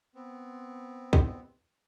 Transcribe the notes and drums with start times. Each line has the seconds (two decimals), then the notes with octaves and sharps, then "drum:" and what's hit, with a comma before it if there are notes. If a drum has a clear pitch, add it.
0.15 B3 C4
1.13 drum: kick